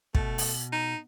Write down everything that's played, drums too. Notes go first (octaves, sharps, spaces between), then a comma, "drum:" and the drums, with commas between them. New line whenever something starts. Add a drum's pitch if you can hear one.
B2 A3, drum: kick
drum: open hi-hat
D#4